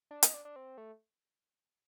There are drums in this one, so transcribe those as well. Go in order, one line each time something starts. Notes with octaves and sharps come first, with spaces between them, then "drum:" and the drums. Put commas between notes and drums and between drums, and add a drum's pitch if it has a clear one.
D4
D#4, drum: hi-hat
D4
D4
C4
A3